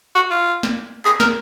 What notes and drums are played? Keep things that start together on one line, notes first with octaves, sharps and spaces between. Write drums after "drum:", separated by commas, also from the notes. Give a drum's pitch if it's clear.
F#4
F4
drum: snare
G#4, drum: clap
A#4, drum: snare